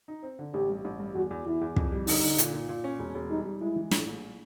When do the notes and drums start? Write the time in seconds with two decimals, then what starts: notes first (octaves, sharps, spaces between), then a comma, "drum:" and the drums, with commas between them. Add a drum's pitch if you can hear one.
0.08 D#4
0.23 C4
0.39 D3
0.54 A1 G4
0.69 G2
0.85 A1
1.00 G2
1.15 E2 F#4
1.31 E2
1.46 E2 E4
1.61 E2
1.76 F2, drum: kick
1.92 G3
2.07 D3 D#4, drum: open hi-hat
2.23 D3
2.38 A#2, drum: hi-hat
2.54 A#2
2.69 A#2
2.84 C#4
2.99 E1
3.15 E1
3.31 G3 D#4
3.45 G3
3.61 G#3 E4
3.76 E3
3.91 A2, drum: snare
4.07 A#1